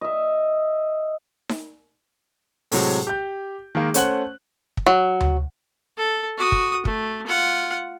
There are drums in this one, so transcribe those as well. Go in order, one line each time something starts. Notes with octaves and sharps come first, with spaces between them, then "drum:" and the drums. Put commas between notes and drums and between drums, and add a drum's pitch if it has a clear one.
D#5 E5
drum: snare D#4
A2 C3 F#3 G#3, drum: open hi-hat
G4 G6
D#3 G#3 A#3
A3 C#4 C5 F#5 F#6 F#7, drum: hi-hat
drum: kick
F#3
drum: tom D2
A4
F#4 D#6
drum: kick
A3, drum: kick
F4 F#5